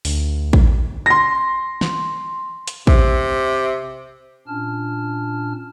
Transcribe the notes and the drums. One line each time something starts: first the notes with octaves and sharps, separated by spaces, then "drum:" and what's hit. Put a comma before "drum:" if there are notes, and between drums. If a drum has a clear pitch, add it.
D2, drum: open hi-hat
drum: kick
C6 A#6
drum: snare
drum: hi-hat
C3, drum: kick
A#2 C#4 D4 A5 F6